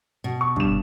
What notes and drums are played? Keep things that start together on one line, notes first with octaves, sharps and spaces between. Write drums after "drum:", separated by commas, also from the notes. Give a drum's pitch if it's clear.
B2
C#6
G2 E7, drum: kick